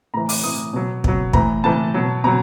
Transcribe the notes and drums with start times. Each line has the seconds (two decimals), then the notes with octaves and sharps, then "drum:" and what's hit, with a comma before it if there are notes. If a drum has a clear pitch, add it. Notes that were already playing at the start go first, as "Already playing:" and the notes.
0.14 A2 E3 A#5
0.29 D6, drum: open hi-hat
0.44 A2 E3 D#6
0.73 B2 F#3
1.04 B2 F#3, drum: kick
1.33 A2 E3 A#5, drum: kick
1.64 A2 E3 A5
1.94 B2 F#3
2.24 B2 F#3 A#5